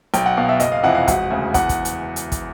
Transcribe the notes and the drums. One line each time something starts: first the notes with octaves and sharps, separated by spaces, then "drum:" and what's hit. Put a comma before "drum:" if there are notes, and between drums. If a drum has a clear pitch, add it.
B1 G5, drum: hi-hat
F#5
B2 F5
E5
F#1 D#5, drum: hi-hat
F5
F2 C3 E3 F#5
F5
E1 F#5, drum: kick, hi-hat
D2 C#3
E2 F#5, drum: kick, hi-hat
drum: kick, hi-hat
drum: hi-hat
drum: hi-hat
drum: kick, hi-hat